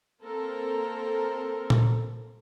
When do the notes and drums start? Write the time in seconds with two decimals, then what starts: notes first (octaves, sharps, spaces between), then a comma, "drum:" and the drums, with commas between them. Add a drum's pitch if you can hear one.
0.24 A#3 C4 A4 A#4
1.70 drum: tom A#2